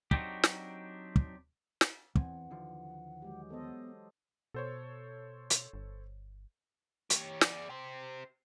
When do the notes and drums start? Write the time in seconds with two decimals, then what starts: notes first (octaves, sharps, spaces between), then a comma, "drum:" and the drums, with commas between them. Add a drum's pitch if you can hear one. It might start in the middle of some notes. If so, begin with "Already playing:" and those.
0.11 F#3 C4 D4 D#4 G4, drum: kick
0.43 drum: snare
1.16 drum: kick
1.81 drum: snare
2.15 E2 E3 C4 F#5 G#5, drum: kick
2.50 D#2 D3 F3
3.22 F#3 G#3 G4
3.50 B3 A4 C5 D#5
4.54 B2 A4 C5 C#5
5.50 drum: hi-hat
5.74 G1
7.10 G4 C#5, drum: hi-hat
7.41 G#4 D5, drum: snare
7.69 G4 C5